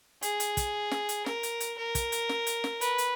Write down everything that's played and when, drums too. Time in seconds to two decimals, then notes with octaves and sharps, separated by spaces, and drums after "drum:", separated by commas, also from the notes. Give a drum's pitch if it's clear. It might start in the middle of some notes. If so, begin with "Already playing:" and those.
0.22 G#4, drum: hi-hat
0.40 drum: hi-hat
0.57 drum: kick, hi-hat
0.91 drum: snare
1.09 drum: hi-hat
1.26 A#4, drum: snare
1.43 drum: hi-hat
1.60 drum: hi-hat
1.78 A#4
1.95 drum: kick, hi-hat
2.12 drum: hi-hat
2.29 drum: snare
2.47 drum: hi-hat
2.64 drum: snare
2.81 B4, drum: hi-hat
2.98 drum: hi-hat